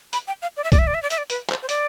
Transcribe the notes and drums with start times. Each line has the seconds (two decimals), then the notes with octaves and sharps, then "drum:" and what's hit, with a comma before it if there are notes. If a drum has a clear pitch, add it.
0.13 B5, drum: hi-hat
0.27 G5
0.42 F5
0.57 D5
0.64 E5
0.72 D5, drum: kick, hi-hat
0.79 E5
0.87 D5
0.94 E5
1.03 D5
1.10 E5, drum: hi-hat
1.18 D5
1.30 B4, drum: hi-hat
1.50 C5, drum: clap
1.62 C5
1.69 D5, drum: hi-hat